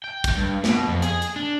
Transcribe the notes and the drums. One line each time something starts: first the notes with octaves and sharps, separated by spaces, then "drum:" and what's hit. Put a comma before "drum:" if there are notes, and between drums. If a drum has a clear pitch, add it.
G5
drum: kick, hi-hat
G2
B2, drum: snare
F2
G#4, drum: hi-hat
drum: hi-hat
D4